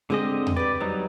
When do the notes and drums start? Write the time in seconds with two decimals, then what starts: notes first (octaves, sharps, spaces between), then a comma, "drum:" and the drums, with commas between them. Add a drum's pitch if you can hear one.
0.10 D3 G#3 C4 G4 G#4 D#5
0.47 drum: tom E2
0.57 G4 B4 D5
0.81 F#3 G3 C4 D#4